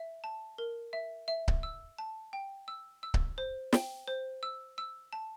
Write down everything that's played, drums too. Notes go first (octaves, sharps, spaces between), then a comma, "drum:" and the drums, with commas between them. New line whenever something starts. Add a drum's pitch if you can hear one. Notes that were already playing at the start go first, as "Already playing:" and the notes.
Already playing: E5
A5
A#4
E5
E5
drum: kick C#1
E6
A5
G5
E6
E6
drum: kick C#1
C5
G5, drum: snare
C5
E6
E6
A5